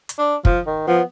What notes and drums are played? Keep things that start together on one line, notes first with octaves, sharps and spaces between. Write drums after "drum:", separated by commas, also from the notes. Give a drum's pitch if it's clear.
drum: hi-hat
D4
F3, drum: kick
D#3
F3 B3